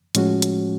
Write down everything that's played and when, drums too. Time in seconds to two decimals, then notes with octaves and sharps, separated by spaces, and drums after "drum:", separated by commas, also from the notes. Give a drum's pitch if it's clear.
0.15 A2 F3 G#3 C#4 F#4, drum: hi-hat
0.42 drum: hi-hat